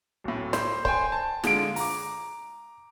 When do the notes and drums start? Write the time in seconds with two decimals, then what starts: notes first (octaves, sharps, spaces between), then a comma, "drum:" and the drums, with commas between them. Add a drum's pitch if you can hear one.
0.24 D1 A2
0.53 C5, drum: snare
0.85 C5 G5 G#5, drum: kick C#1
1.12 A5
1.44 D3 G#3 F4 D7, drum: snare
1.76 A#5 D6, drum: open hi-hat